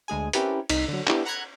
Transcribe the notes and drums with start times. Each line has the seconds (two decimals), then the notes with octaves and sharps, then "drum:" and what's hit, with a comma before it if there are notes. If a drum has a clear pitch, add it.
0.08 D2 G#3 G#4 G#5
0.33 C4 C#4 E4 G4 A#4 B4, drum: hi-hat
0.69 C2 D#4 F6 B6 C7, drum: cymbal
0.88 D3 F#3
1.07 B3 D4 E4 G4, drum: clap
1.25 F#5 A#5 B5 F#6 G#6